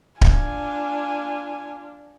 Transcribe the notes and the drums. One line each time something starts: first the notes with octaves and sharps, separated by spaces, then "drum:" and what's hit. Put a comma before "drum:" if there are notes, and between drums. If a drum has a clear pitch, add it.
D4 F4 G#5, drum: kick D1